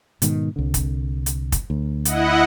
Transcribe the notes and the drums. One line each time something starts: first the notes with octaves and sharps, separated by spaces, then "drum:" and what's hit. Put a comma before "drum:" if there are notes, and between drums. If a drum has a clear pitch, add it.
G#2 B2 D#3, drum: hi-hat
C2 D3
drum: kick, hi-hat
drum: hi-hat
drum: kick, hi-hat
D2
E4 D#5 F#5, drum: hi-hat